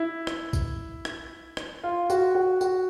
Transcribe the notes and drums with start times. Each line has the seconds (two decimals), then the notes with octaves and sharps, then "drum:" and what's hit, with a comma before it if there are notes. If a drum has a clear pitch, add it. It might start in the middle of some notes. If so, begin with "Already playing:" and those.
Already playing: E4
0.27 drum: rim click
0.53 drum: kick A#1, tambourine
1.05 drum: rim click
1.57 drum: rim click
1.84 F4
2.10 F#4, drum: tambourine
2.35 F#4
2.61 F#4, drum: tambourine